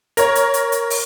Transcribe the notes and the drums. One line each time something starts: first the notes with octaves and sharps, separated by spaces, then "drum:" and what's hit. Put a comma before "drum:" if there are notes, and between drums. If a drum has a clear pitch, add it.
A#4 C#5, drum: hi-hat
drum: hi-hat
drum: hi-hat
drum: hi-hat
drum: open hi-hat